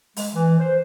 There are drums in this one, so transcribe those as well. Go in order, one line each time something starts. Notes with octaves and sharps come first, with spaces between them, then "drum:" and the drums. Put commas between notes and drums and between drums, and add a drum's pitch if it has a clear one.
G#3, drum: open hi-hat
E3
C5